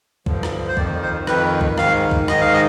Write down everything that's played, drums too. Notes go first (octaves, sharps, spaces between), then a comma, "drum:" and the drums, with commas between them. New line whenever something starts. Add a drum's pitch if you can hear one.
G2 D3 F3, drum: kick B1
drum: rim click
C5
F2 D#3 D5, drum: kick B1
C5
F2 D#3 B4, drum: rim click
drum: kick B1
G#2 D#3 F5, drum: rim click
drum: kick B1
G#2 D#3 D#5, drum: rim click
F5
D#5